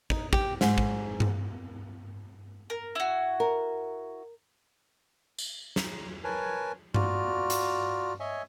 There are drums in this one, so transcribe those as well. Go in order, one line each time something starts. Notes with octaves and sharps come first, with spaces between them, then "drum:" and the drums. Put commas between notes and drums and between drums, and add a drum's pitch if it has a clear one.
D#4, drum: kick
G4, drum: kick
G#2, drum: snare
drum: kick
drum: tom G2
A#4
E4 F#4
A#4
drum: tambourine
A#5, drum: snare
A#4 B4 C#5 G#5 A5
F4 F#4 D5 A#5 F6, drum: tom G2
drum: hi-hat
C#5 D#5 E5 G#5